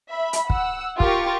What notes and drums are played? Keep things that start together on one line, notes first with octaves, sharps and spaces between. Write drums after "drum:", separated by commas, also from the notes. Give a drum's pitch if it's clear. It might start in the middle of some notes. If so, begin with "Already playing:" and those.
E5 B5
drum: hi-hat
F#5 E6, drum: kick
F4 G4 A#4 C#6 A6, drum: kick